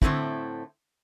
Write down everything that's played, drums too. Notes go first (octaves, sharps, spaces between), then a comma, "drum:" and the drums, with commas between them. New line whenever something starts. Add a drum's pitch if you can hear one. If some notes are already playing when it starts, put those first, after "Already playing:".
A2 D3 G#3 A3 C4 E4, drum: kick